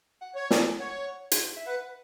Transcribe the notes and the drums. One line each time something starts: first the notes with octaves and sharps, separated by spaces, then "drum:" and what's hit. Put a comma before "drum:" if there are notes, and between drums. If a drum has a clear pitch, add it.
F#5
C#5
G#5, drum: snare
C#5 F#5
drum: hi-hat
E5
B4 F#5